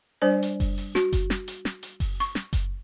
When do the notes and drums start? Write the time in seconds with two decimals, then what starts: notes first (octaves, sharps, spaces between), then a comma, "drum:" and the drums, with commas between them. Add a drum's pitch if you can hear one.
0.22 G3 D4 C5 D5
0.43 drum: hi-hat
0.60 drum: kick F#1, open hi-hat
0.78 drum: open hi-hat
0.95 F#4, drum: snare
1.13 drum: kick F#1, hi-hat
1.30 drum: snare
1.48 drum: hi-hat
1.65 drum: snare
1.83 drum: hi-hat
2.00 drum: kick F#1, open hi-hat
2.20 C#6, drum: open hi-hat
2.35 drum: snare
2.53 drum: kick F#1, hi-hat